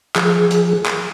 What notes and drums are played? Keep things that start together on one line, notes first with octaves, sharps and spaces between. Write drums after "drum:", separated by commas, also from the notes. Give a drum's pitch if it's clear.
F3 G#4, drum: clap
drum: hi-hat
drum: clap